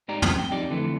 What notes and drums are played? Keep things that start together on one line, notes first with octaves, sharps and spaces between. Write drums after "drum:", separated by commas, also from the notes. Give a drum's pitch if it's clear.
G#2 D#4 G4 D5 A#5
F#2 C3 F3, drum: tom
F2 G5
F2 D#4 G4 D5
F2 D3 E3 A3